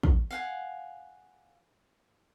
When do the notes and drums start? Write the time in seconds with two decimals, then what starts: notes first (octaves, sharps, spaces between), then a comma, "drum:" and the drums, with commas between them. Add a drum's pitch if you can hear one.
0.03 drum: kick
0.31 F5 F#5 G#5